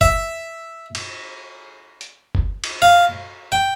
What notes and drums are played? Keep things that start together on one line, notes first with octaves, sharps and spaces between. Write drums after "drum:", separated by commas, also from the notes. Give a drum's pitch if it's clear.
E5, drum: kick F#1
drum: cymbal
drum: hi-hat
drum: kick F#1
drum: cymbal
F5
G5